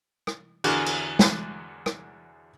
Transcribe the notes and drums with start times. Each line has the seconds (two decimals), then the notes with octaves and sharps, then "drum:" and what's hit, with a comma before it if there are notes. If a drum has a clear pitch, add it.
0.27 drum: rim click
0.64 E2 D3 D4 F#4 G#4 A#4, drum: cymbal
0.86 drum: cymbal
1.19 drum: snare
1.86 drum: rim click